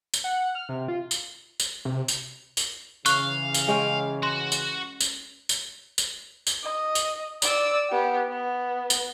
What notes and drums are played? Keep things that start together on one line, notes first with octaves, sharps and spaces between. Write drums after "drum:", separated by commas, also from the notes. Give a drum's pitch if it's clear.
drum: tambourine
F#5
F6
C3
F4
drum: tambourine
drum: tambourine
C3
drum: tambourine
drum: tambourine
C#3 E3 F5 C#6 F#6, drum: tambourine
drum: tambourine
G#3 C#4 G5
F#4 C6
drum: tambourine
drum: tambourine
drum: tambourine
drum: tambourine
drum: tambourine
D#5
drum: tambourine
D5 E6, drum: tambourine
B3 G4
B3
drum: tambourine